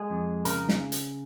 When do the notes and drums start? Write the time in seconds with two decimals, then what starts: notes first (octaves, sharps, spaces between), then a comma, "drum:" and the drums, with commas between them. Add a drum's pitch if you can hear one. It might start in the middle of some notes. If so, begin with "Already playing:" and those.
Already playing: G#3 G#4
0.10 F2
0.45 C#3 A#4, drum: hi-hat
0.69 drum: snare
0.92 drum: hi-hat